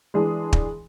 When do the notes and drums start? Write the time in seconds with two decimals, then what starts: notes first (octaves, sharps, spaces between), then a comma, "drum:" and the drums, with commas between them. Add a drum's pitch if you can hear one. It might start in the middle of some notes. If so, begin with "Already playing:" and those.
0.14 E3 G#3 D4 G#4
0.53 drum: kick